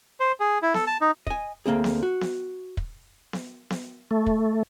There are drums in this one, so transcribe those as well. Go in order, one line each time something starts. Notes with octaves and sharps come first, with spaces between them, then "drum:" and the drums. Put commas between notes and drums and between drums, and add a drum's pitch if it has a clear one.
C5
G#4
E4
A4, drum: snare B3
A5
D#4
D#5 G#5, drum: kick
D2 A#3 C4 G#4
drum: snare B3
F#4
drum: snare B3
drum: kick
drum: snare B3
drum: snare B3
A3
drum: kick